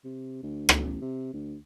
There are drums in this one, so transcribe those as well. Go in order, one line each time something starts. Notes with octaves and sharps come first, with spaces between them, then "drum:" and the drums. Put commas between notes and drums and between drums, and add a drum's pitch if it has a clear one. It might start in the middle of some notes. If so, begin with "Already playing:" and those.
C3
D2
drum: rim click
A1
C3
D2